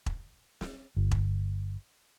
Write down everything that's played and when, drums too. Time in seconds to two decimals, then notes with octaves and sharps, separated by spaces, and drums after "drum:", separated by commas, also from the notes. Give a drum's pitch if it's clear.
0.06 drum: kick E1
0.61 drum: snare
0.97 G1
1.11 drum: kick E1